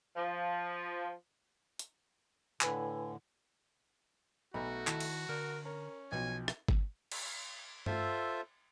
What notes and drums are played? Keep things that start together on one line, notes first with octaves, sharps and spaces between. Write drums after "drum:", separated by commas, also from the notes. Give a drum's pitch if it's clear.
F3
drum: hi-hat
A2 D3 B4 G#5, drum: clap
B1 A3 F#4 A#5 B5
D#3 E4 A5, drum: clap
drum: cymbal
D3 A#4
C#4 A#4
B1 B2 F3 F#4 G#5
drum: rim click
drum: kick G1
drum: cymbal
F4 A4 C5 E5, drum: tom G2